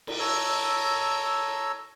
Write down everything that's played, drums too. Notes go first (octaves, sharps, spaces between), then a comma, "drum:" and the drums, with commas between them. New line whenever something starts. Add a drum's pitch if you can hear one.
drum: cymbal
A4 C#5 A#5 E6